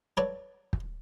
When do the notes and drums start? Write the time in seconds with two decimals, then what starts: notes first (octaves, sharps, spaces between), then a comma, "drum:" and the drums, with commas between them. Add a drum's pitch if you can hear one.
0.17 F#3 A4 B4 C#5 D5 A5
0.73 drum: kick